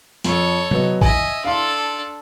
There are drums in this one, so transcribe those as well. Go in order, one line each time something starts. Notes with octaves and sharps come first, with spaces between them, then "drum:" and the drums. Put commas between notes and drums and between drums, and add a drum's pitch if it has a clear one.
F2 A4 C#5, drum: hi-hat
F#3 B3 D#5, drum: tom C3
D#5 E5 G#5, drum: kick
D4 A4 F5 C6